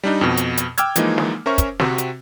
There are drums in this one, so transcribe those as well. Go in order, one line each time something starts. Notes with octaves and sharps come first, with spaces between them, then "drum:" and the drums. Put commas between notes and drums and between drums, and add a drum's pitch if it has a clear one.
G3 D4 D#4
F2 B2
drum: hi-hat
drum: hi-hat
G5 D6 E6 F6 G#6, drum: hi-hat
E3 F3 G#3 A#3 D#4, drum: hi-hat
drum: snare
C#4 A#4 C5 E5 C#6
drum: kick, hi-hat
C3 C4 F#4, drum: snare
drum: hi-hat